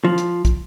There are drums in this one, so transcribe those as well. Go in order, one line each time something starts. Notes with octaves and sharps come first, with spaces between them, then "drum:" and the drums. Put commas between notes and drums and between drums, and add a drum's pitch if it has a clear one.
F3
drum: hi-hat
drum: kick, hi-hat